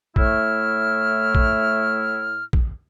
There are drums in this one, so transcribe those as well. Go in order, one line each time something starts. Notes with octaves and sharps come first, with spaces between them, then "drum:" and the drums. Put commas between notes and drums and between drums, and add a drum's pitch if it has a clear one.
A2 A3 E4 F6, drum: kick
drum: kick
drum: kick